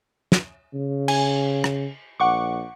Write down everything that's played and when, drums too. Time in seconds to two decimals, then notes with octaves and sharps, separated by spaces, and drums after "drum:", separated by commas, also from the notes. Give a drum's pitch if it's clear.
0.32 drum: snare
0.74 C#3
1.08 G#5, drum: cymbal
1.64 drum: rim click
2.20 A#1 F#5 C#6 D6